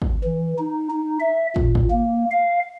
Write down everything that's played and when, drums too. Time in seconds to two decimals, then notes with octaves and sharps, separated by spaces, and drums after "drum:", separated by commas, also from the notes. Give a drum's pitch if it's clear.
0.02 drum: kick
0.24 E3
0.58 D#4
0.90 D#4
1.20 E5
1.56 A#2, drum: kick
1.75 drum: kick
1.91 A#3
2.31 F5